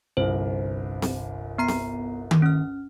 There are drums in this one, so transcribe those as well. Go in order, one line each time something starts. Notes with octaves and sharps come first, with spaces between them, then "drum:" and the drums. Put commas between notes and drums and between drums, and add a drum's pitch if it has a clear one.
G1 C2 C5
drum: snare C4
B3 A#5 C7
drum: snare C4
drum: tom D#3
C#4 F6